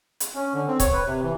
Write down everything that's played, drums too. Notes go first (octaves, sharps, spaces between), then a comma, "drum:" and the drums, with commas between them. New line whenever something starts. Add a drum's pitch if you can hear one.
drum: hi-hat
C#4
D3
C4
C#5, drum: kick C#1, hi-hat
B4
C3
E3